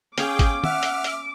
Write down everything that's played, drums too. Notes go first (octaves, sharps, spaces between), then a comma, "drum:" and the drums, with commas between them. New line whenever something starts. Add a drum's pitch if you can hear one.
C#4 G#4 F5 G5 D6, drum: hi-hat
drum: kick G#1, hi-hat
E5 F#5 F6, drum: tom
drum: hi-hat
drum: hi-hat